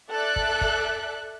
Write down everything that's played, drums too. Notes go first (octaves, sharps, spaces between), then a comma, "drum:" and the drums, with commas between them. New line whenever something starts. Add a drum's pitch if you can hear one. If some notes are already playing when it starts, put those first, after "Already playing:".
A4 D5 E5 F#6
drum: kick
drum: kick